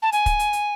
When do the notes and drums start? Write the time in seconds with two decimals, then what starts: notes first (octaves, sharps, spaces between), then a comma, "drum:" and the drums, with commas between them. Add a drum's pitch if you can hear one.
0.02 A5
0.12 G#5, drum: hi-hat
0.26 drum: kick, hi-hat
0.39 drum: hi-hat
0.53 drum: hi-hat